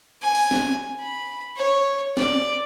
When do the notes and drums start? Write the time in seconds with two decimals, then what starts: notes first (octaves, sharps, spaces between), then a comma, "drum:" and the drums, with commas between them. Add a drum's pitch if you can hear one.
0.22 G#5
0.35 drum: open hi-hat
0.51 drum: snare
1.00 B5
1.57 C#5
2.17 D5, drum: snare